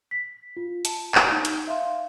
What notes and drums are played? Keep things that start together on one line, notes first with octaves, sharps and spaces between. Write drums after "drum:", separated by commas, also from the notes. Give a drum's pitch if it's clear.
B6
F4
A5, drum: hi-hat
drum: clap
D#4
drum: hi-hat
E5 F5 C6